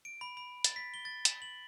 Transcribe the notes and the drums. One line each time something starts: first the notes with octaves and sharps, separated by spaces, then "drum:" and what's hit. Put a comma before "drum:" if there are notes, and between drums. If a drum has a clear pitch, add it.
D7
B5
B5
A6, drum: hi-hat
B6
G7
A6
drum: hi-hat
F#7